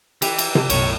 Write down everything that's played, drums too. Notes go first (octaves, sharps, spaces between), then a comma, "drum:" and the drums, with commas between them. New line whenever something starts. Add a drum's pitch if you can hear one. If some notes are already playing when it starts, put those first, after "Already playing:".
E3 G4, drum: cymbal
drum: cymbal
drum: tom C3
B1 F#2 A2 C#5, drum: cymbal